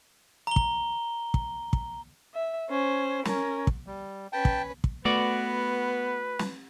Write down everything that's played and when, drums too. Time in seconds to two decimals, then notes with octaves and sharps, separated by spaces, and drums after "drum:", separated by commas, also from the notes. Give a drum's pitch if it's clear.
0.47 A#5 G7
0.56 drum: kick
1.34 drum: kick
1.73 drum: kick
2.35 E5
2.70 C#4 C5
3.25 C#4 A#4, drum: snare
3.67 drum: kick
3.87 G3
4.33 C#4 B4 G5 A5
4.45 drum: kick
4.84 drum: kick
5.05 A3 B3 F#4 B4 D5
6.39 drum: snare